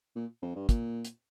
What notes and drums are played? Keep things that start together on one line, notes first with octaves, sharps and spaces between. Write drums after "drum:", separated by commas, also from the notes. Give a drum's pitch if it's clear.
A#2
F2
G2
A#2, drum: kick, hi-hat
drum: hi-hat